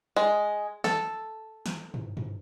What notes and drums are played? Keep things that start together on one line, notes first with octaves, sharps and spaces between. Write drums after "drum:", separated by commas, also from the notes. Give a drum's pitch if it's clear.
G#3
A4, drum: snare
drum: snare
drum: tom
drum: tom G2